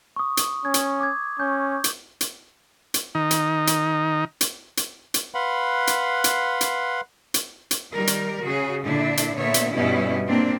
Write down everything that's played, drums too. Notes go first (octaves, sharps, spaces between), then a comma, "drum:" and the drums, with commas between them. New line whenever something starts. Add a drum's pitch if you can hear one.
C#6 D#6
drum: hi-hat
C#4 G#6
drum: hi-hat
D6 G#6
C#4 C#6 G6
drum: hi-hat
drum: hi-hat
drum: hi-hat
D#3 D#4
drum: hi-hat
drum: hi-hat
drum: hi-hat
drum: hi-hat
drum: hi-hat
B4 F5 F#5 B5 C6
drum: hi-hat
drum: hi-hat
drum: hi-hat
drum: hi-hat
drum: hi-hat
D#3 G3 A#4
drum: hi-hat
C#3 F#4 G#4
A#2 D3 D4 E4
drum: hi-hat
A#2 D3 B3 C#5 E5
drum: hi-hat
G2 B2 G3 B3 C#4 E4
A#2 A#3 C4 D4